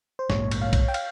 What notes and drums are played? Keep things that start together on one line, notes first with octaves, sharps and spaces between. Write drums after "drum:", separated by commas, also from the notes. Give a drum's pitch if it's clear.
C5
A#1 G#2 D#3 A#3 C#5, drum: snare
drum: cymbal
F5
drum: kick B1, cymbal
G5
F5, drum: cymbal